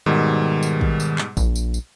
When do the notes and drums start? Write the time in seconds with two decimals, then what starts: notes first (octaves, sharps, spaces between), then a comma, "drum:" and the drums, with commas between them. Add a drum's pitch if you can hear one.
0.06 G#2 B2 D#3 G3
0.63 drum: tambourine
0.81 drum: kick
1.00 drum: tambourine
1.18 drum: clap
1.37 A#1, drum: kick, tambourine
1.55 drum: tambourine
1.74 drum: tambourine